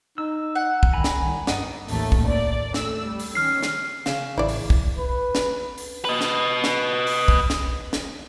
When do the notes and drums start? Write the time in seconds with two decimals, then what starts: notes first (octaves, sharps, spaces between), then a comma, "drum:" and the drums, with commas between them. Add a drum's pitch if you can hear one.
0.18 D#4 E6
0.55 F#5
0.83 drum: kick
0.93 D#3 G#5 A#5 B5
1.04 drum: snare
1.21 C2
1.47 G2 B3 D#4, drum: snare
1.88 A1 D#2 A3, drum: open hi-hat
2.12 drum: kick
2.27 D5
2.74 A3 E6, drum: snare
3.07 G3
3.19 drum: open hi-hat
3.35 D#3 C#4 F6 C7
3.63 drum: snare
4.06 C#3, drum: snare
4.38 A1 E4 D5
4.49 drum: open hi-hat
4.70 drum: kick
4.98 B4
5.35 drum: snare
5.78 drum: open hi-hat
6.05 B4 D#5
6.21 drum: snare
6.64 drum: snare
7.07 drum: open hi-hat
7.28 drum: kick
7.50 drum: snare
7.93 drum: snare